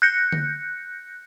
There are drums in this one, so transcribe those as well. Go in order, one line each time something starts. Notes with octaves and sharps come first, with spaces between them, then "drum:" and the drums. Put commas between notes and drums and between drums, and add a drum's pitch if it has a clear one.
F#6 G6 A#6 C#7
drum: tom D3